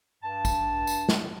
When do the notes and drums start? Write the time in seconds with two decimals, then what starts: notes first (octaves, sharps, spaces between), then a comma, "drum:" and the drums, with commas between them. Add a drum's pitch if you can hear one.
0.23 G2 A5
0.45 drum: kick A1, tambourine
0.87 drum: tambourine
1.09 drum: snare